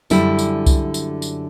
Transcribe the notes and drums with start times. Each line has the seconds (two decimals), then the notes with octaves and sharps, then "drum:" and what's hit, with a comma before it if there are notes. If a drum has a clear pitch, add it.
0.10 F#2 D3 G3 E4, drum: tambourine
0.39 drum: tambourine
0.66 drum: kick C2, tambourine
0.94 drum: tambourine
1.22 drum: tambourine